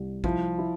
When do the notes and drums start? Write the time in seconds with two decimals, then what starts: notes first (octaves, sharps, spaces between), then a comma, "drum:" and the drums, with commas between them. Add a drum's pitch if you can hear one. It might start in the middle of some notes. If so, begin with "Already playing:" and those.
Already playing: C2 G3
0.24 F3 E4, drum: kick
0.58 E4